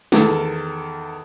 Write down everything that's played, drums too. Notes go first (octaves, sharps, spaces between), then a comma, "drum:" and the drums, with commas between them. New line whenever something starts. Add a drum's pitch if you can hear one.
E2 D#3 A4, drum: snare